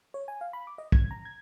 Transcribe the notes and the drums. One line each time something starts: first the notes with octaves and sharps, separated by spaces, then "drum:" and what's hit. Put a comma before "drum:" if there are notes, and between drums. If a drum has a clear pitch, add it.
C#5
G#5
F5
B5
D6
D#5
G#6, drum: kick
A#5
G#6